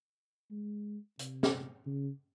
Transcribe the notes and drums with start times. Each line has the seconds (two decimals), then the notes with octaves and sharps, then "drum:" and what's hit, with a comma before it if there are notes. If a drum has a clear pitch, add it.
0.51 G#3
1.19 C3, drum: hi-hat
1.43 drum: snare
1.86 C#3